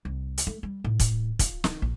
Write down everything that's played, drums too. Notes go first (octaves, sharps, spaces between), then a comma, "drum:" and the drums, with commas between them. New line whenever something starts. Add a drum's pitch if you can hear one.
C2
drum: hi-hat
A3
G3
A2
drum: kick, hi-hat
F4, drum: kick, hi-hat
D#3, drum: snare
A#1